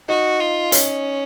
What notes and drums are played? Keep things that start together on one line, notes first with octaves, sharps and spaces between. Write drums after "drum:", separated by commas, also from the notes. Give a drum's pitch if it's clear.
D#4 F#4
F4
C#4, drum: hi-hat